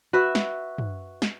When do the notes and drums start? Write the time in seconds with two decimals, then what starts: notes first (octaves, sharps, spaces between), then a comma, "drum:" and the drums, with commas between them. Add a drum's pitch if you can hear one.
0.13 F#4 B4 E5
0.35 drum: snare
0.78 drum: tom
1.22 drum: snare